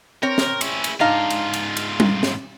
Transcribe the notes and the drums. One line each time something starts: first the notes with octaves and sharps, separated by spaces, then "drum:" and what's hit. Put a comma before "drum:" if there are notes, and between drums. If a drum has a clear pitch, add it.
C4 A#4 C#5
drum: snare
C#4 E4, drum: cymbal
drum: cymbal
G#2 D4 D#4 F4 F5
drum: cymbal
drum: cymbal
drum: cymbal
drum: tom G3
drum: snare